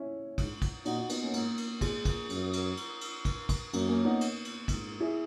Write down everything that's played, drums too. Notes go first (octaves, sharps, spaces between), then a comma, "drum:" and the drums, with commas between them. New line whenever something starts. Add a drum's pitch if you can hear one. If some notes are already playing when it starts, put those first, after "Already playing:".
Already playing: C#4 E4
G#2, drum: kick, cymbal
drum: kick, cymbal
A#2 D#4 F#4, drum: cymbal
D#4 F#4
B3 D#4, drum: cymbal
A#3 C#4
G#2 A#3, drum: cymbal
drum: cymbal
G#2 G#3, drum: kick, cymbal
drum: kick, cymbal
F#2, drum: cymbal
drum: cymbal
drum: cymbal
drum: cymbal
drum: kick, cymbal
drum: kick, cymbal
F#2 A#3, drum: cymbal
A#3 C#4
B3 D#4
drum: cymbal
drum: cymbal
G#2, drum: kick, cymbal
E4 G#4